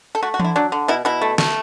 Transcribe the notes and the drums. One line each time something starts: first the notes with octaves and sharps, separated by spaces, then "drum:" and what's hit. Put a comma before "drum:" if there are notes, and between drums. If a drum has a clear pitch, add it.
A4
A3 F#4
F#4
D3 E4, drum: tom E3
F#3 D4
D3
B2 E4
B2 E4
A3
A3, drum: snare